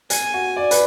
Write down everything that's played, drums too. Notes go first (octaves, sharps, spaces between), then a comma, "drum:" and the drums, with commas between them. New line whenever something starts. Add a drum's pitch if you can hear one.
G#5, drum: hi-hat
F#4
D5
B4, drum: hi-hat